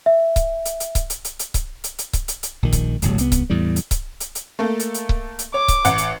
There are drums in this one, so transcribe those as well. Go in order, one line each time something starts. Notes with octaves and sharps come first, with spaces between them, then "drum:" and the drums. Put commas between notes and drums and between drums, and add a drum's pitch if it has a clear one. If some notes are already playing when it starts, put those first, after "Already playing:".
E5
drum: kick C#1, hi-hat
drum: hi-hat
drum: hi-hat
drum: kick C#1, hi-hat
drum: hi-hat
drum: hi-hat
drum: hi-hat
drum: kick C#1, hi-hat
drum: hi-hat
drum: hi-hat
drum: kick C#1, hi-hat
drum: hi-hat
drum: hi-hat
A#1 D#3
drum: kick C#1, hi-hat
D1 G1 A2 F#3, drum: hi-hat
C2 B3, drum: hi-hat
drum: kick C#1, hi-hat
E2 A2 G3
drum: hi-hat
drum: kick C#1, hi-hat
drum: hi-hat
drum: hi-hat
A3 A#3 A4
drum: hi-hat
drum: hi-hat
drum: kick C#1
drum: hi-hat
C#5 D6
drum: kick C#1, hi-hat
A1 F#5, drum: hi-hat
drum: hi-hat